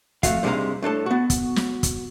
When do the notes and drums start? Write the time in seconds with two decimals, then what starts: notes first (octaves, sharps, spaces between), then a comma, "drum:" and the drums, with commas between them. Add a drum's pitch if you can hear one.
0.23 F2 F3 A3 F#4 F5, drum: kick, hi-hat
0.43 G2 C3 G#3 D#4 F5 A#5
0.82 A2 D4 A4 A5
1.06 B3 F#4
1.30 drum: kick, hi-hat
1.56 drum: snare
1.83 drum: kick, hi-hat